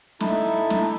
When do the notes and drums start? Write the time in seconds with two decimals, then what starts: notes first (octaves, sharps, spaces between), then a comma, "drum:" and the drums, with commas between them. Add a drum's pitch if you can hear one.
0.20 D#4 E4 A4, drum: snare
0.45 drum: hi-hat
0.70 drum: snare